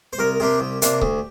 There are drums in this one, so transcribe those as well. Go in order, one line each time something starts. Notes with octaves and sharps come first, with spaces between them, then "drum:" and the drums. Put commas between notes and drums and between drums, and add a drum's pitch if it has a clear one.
C5
C2 A#4
C3 A#3 D4 G4
C2
C3 A#3 D4, drum: hi-hat
D2, drum: kick C#1